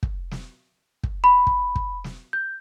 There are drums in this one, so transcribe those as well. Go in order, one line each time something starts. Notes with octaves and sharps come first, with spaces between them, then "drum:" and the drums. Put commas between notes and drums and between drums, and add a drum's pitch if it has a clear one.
drum: kick
drum: snare
drum: kick
B5
drum: kick
drum: kick
drum: snare
G6